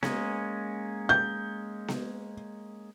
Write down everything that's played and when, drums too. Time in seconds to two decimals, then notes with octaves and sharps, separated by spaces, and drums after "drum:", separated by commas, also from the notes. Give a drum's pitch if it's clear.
0.03 G#3 A#3 C#4, drum: snare B3
1.09 G6
1.88 drum: snare B3